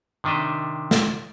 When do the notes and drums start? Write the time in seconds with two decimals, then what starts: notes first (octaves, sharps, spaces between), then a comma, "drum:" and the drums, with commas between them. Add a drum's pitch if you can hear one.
0.24 C3 D#3 D4 D#5 E5
0.91 drum: snare